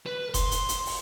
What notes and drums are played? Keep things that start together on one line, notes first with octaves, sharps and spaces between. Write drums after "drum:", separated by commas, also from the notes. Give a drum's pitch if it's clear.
B4
C6, drum: kick F1, hi-hat
drum: hi-hat
drum: hi-hat
drum: open hi-hat